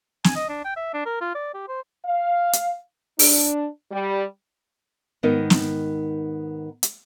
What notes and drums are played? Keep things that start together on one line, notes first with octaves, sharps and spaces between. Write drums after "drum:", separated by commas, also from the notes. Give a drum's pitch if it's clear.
G#5, drum: snare
D#5
D4
G5
E5
D4
A#4
F4
D5
G4
C5
F5
drum: hi-hat
D4, drum: open hi-hat
G3
G#2 D#3 B3 D#4 A#4 D#5
drum: snare
drum: hi-hat